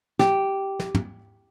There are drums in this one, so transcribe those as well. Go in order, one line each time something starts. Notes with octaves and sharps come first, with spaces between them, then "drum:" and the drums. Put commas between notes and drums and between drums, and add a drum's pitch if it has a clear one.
G4, drum: snare
drum: snare
drum: tom